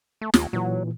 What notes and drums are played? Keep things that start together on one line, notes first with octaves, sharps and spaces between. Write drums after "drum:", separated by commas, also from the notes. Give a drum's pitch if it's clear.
A3
D#2, drum: snare
A#2 E3 F#3